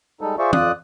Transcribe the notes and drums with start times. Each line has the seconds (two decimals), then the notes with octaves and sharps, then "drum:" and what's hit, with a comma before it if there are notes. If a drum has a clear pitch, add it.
0.21 G3 G#3 D#4 A4
0.39 F4 G#4 C5 D5 E5 C#6
0.53 F2 F4 D5 D#6 F#6, drum: tom